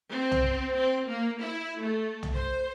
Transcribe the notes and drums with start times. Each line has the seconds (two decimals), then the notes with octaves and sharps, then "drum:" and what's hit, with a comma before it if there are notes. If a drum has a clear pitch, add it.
0.11 C4
0.31 drum: tom B1
0.75 C4
1.07 A#3
1.40 E4
1.81 A3
2.23 drum: tom B1
2.34 C5